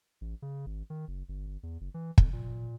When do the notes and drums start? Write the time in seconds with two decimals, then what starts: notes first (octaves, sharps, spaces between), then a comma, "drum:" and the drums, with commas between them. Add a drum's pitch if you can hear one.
0.21 A1
0.42 C#3
0.66 G#1
0.90 D#3
1.08 F#1
1.29 G1
1.47 G1
1.63 E2
1.81 F#1
1.94 E3
2.18 F2, drum: kick
2.33 A#2